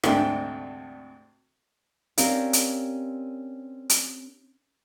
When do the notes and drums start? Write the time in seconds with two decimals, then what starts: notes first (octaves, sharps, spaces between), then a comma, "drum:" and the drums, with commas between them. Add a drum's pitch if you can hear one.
0.03 D2 G#2 C3 A3 D4 G5, drum: rim click
2.18 C4 C#4 G4 A#4 D5 F5, drum: hi-hat
2.53 drum: hi-hat
3.90 drum: hi-hat